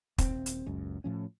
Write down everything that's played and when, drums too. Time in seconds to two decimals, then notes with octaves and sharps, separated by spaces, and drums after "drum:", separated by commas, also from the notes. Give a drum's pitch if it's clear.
0.18 D#1 C4, drum: kick, hi-hat
0.46 drum: hi-hat
0.66 F#1 C#2 F#2
1.04 A2 F3 C#4